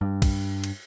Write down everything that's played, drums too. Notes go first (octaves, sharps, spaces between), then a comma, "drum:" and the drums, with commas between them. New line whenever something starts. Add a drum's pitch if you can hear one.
G2
drum: kick, cymbal
drum: cymbal